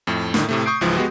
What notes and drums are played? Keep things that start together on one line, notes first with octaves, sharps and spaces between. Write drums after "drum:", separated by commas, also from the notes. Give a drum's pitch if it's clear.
F2 A2 A3
A2 D3 D#3, drum: snare
A2 C3 A3
C#6 D#6 G6 C7 D7
C#2 G#2 E3 F3
G#3 B3 F#4 G4